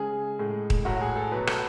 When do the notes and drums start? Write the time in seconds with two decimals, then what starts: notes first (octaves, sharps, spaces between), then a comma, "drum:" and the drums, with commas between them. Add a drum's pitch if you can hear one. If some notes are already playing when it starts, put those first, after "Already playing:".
Already playing: C#3 G#3 G#4
0.39 A2 G#3
0.70 drum: kick D#1
0.85 A2 F#3 F#4
1.01 G#4
1.16 A4
1.32 B2 F#3 B4
1.47 A4, drum: rim click